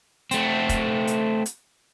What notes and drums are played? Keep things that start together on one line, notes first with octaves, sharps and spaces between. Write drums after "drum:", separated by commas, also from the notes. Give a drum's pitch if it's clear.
A3 C4, drum: hi-hat
drum: kick F1, hi-hat
drum: hi-hat
drum: hi-hat